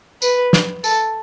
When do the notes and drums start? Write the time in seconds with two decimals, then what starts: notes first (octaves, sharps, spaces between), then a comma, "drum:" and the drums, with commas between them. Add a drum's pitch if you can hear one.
0.22 B4, drum: tambourine
0.53 drum: snare
0.84 A4, drum: tambourine